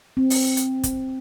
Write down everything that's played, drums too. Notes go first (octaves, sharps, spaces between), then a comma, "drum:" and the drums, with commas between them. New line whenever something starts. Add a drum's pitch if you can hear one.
C4
drum: open hi-hat
drum: hi-hat
drum: kick, hi-hat